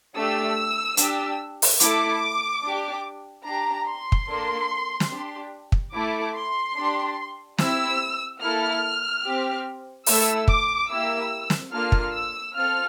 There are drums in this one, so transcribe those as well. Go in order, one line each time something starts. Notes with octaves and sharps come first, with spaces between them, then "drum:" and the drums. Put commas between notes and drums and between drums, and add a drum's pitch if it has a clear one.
A3 D4 G4 E6
D4 G4, drum: hi-hat
drum: open hi-hat
A3 E4 A4 D6, drum: hi-hat
D4 G4
D4 G4 A#5
C6
drum: kick
A#3 D4 A4
drum: snare
D4 G4
drum: kick
A3 E4 A4 D6
C6
D4 G4
C4 E4 G4 E6, drum: snare
A#3 E4 A4 F6
C4 G4
A3 E4 A4 E6, drum: open hi-hat
D6, drum: kick
A#3 E4 G4 E6
drum: snare
A#3 D4 F4 A4 F6
drum: kick
E6
C4 F4 A4 F6